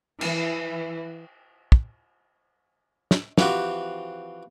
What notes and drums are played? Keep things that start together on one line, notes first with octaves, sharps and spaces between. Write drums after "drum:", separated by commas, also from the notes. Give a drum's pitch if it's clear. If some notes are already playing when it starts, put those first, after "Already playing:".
E3, drum: cymbal
drum: kick
drum: snare
E3 F3 C4 F#4 G4, drum: snare